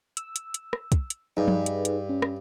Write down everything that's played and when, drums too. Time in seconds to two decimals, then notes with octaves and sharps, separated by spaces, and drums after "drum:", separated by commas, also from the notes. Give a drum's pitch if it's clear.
0.17 E6, drum: hi-hat
0.36 drum: hi-hat
0.54 drum: hi-hat
0.73 drum: rim click
0.92 drum: kick, hi-hat
1.10 drum: hi-hat
1.37 G2 D#4 G#4 B4
1.48 drum: tom
1.66 drum: hi-hat
1.85 drum: hi-hat
2.09 C#4
2.22 drum: rim click